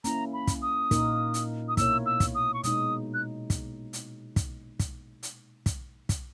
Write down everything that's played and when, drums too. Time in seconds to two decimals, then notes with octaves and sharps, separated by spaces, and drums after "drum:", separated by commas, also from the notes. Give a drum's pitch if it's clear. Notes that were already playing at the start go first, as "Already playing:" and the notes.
0.04 A#3 C#4 E4 A#5, drum: hi-hat
0.33 B5
0.47 drum: kick, hi-hat
0.62 D#6
0.91 A#2 A#3 D#4 A#4, drum: kick, hi-hat
1.34 drum: hi-hat
1.69 D#6
1.77 B2 A#3 E4 A#4 C#5 E6, drum: kick, hi-hat
2.06 E6
2.20 drum: kick, hi-hat
2.35 D#6
2.54 C#6
2.64 B2 G#3 D#4 D#6, drum: hi-hat
3.14 F#6
3.50 drum: kick, hi-hat
3.93 drum: hi-hat
4.36 drum: kick, hi-hat
4.79 drum: kick, hi-hat
5.23 drum: hi-hat
5.66 drum: kick, hi-hat
6.09 drum: kick, hi-hat